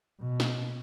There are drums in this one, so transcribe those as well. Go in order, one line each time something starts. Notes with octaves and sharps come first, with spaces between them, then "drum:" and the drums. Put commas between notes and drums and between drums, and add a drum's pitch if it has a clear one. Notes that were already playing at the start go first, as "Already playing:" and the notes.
B2
drum: snare